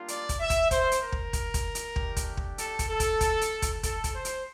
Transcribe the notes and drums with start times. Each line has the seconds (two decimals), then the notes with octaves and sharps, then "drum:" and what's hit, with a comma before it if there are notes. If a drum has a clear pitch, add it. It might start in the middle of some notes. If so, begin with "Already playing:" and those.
Already playing: G3 A#3 D4 F4
0.08 D5, drum: hi-hat
0.29 drum: kick, hi-hat
0.39 E5
0.50 drum: kick, hi-hat
0.71 C5, drum: kick, hi-hat
0.92 drum: hi-hat
1.02 A#4
1.12 drum: kick
1.33 drum: kick, hi-hat
1.54 drum: kick, hi-hat
1.75 drum: hi-hat
1.96 A3 D4 G4, drum: kick
2.16 drum: kick, hi-hat
2.37 drum: kick
2.58 A4, drum: hi-hat
2.79 drum: kick, hi-hat
2.89 A4
3.00 drum: kick, hi-hat
3.21 drum: kick, hi-hat
3.41 drum: hi-hat
3.62 drum: kick, hi-hat
3.83 A4, drum: kick, hi-hat
4.04 drum: kick, hi-hat
4.15 C5
4.25 drum: hi-hat